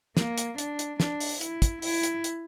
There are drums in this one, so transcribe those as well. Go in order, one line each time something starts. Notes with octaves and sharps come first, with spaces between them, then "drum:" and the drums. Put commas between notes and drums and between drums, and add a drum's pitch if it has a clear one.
A#3, drum: snare
drum: hi-hat
D4, drum: hi-hat
drum: hi-hat
D4, drum: snare
drum: open hi-hat
E4, drum: hi-hat
drum: kick, hi-hat
E4, drum: open hi-hat
drum: hi-hat
drum: hi-hat